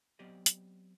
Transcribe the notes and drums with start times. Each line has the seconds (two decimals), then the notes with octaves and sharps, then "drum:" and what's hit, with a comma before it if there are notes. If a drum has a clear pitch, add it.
0.19 F#3 B3 C4 G4 D5 D#5
0.46 drum: hi-hat